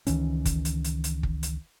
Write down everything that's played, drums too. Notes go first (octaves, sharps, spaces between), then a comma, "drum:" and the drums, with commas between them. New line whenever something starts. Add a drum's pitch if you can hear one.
C#2 D#3 E3 C#4, drum: hi-hat
drum: kick, hi-hat
drum: hi-hat
drum: hi-hat
drum: hi-hat
drum: kick
drum: hi-hat